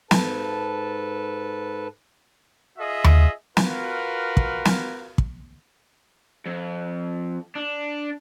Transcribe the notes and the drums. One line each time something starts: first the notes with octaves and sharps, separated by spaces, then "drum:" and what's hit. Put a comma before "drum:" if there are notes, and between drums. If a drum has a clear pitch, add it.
G#2 A4 B4 A5, drum: snare
F4 G#4 D#5 E5
drum: tom D#2
F4 F#4 A#4 B4, drum: snare
drum: kick
drum: snare
drum: kick
F2
D4